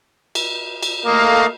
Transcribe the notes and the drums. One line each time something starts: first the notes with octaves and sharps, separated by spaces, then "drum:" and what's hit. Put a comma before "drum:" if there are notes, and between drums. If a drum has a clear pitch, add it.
drum: cymbal
drum: cymbal
A3 A#3 D#5 F5